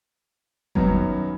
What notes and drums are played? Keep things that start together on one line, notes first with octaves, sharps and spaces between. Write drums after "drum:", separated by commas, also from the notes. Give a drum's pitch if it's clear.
F#2 D#3 F#3 B3, drum: kick G1